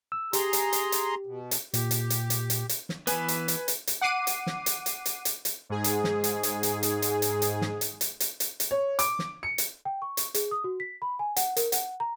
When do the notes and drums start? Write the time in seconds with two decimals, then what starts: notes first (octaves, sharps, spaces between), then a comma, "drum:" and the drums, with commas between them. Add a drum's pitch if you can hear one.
0.12 E6
0.33 G4 G#4 A#5 C6, drum: hi-hat
0.53 drum: hi-hat
0.73 drum: hi-hat
0.92 drum: hi-hat
1.26 B2
1.51 drum: hi-hat
1.74 A#2 G4, drum: hi-hat
1.91 drum: hi-hat
2.10 drum: hi-hat
2.30 drum: hi-hat
2.50 drum: hi-hat
2.69 drum: hi-hat
2.89 drum: snare
3.07 E3 B3 B4 G#5, drum: hi-hat
3.28 drum: hi-hat
3.48 drum: hi-hat
3.68 drum: hi-hat
3.87 drum: hi-hat
4.01 F#5 D6 C7 D#7
4.27 drum: hi-hat
4.47 drum: snare
4.66 drum: hi-hat
4.86 drum: hi-hat
5.06 drum: hi-hat
5.25 drum: hi-hat
5.45 drum: hi-hat
5.70 G#2 G#4
5.84 drum: hi-hat
6.04 drum: snare
6.24 drum: hi-hat
6.43 drum: hi-hat
6.63 drum: hi-hat
6.83 drum: hi-hat
7.02 drum: hi-hat
7.22 drum: hi-hat
7.42 drum: hi-hat
7.61 drum: snare
7.81 drum: hi-hat
8.01 drum: hi-hat
8.20 drum: hi-hat
8.40 drum: hi-hat
8.60 drum: hi-hat
8.71 C#5
8.99 D6, drum: hi-hat
9.19 drum: snare
9.43 C#7
9.58 drum: hi-hat
9.85 G5
10.02 C#6
10.17 drum: hi-hat
10.34 G#4, drum: hi-hat
10.51 D#6
10.64 F#4
10.80 B6
11.02 B5
11.19 G#5
11.36 F#5, drum: hi-hat
11.57 A#4, drum: hi-hat
11.72 F#5, drum: hi-hat
12.00 A#5